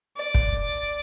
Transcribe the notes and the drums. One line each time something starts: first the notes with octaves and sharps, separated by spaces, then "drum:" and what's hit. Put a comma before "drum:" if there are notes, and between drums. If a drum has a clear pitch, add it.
D5
drum: kick